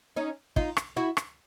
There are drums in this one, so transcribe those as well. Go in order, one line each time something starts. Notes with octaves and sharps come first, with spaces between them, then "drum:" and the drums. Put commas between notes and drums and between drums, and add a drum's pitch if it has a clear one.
C#4 D#4
D#4 F4, drum: kick
drum: rim click
E4 F#4
drum: rim click